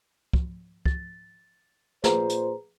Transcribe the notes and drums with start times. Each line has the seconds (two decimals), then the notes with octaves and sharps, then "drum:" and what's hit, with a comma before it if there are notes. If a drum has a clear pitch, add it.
0.33 drum: kick
0.86 A6, drum: kick
2.04 A#2 G#4 B4 C5 A#5, drum: snare
2.29 drum: hi-hat